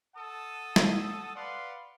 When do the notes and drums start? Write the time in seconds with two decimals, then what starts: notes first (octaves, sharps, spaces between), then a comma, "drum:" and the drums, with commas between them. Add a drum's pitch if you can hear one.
0.16 A4 F#5 A5 D#6
0.76 drum: snare
1.35 B4 D5 F5 F#5 C6